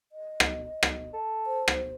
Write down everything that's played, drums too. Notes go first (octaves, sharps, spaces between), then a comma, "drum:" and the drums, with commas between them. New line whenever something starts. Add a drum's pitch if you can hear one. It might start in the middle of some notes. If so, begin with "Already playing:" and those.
D#5
drum: rim click
drum: rim click
A4
C5
drum: rim click